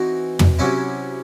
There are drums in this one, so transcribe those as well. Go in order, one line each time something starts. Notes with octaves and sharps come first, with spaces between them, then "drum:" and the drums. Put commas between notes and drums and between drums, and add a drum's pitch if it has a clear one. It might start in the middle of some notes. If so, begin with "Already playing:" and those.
Already playing: E3 C4 D#4 F#4
drum: tom
C3 F#3 C#4 E4